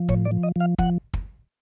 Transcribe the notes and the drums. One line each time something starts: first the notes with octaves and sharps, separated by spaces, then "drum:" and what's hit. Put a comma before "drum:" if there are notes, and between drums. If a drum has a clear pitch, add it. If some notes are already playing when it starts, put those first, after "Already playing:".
Already playing: F3
A2 C#5, drum: kick
D5
F3
D#5
F3 F5
F3 F#5, drum: kick
drum: kick